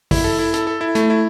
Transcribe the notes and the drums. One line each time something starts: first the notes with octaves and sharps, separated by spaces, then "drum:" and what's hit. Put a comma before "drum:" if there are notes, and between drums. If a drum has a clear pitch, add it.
E4, drum: kick, open hi-hat
A4
E4
A4, drum: hi-hat
A4
E4
A3, drum: hi-hat
E4